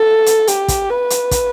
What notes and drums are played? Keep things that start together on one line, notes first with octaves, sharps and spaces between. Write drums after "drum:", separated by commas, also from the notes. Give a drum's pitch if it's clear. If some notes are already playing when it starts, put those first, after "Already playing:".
Already playing: A4
drum: hi-hat
G4, drum: hi-hat
drum: kick, hi-hat
B4
drum: hi-hat
drum: kick, hi-hat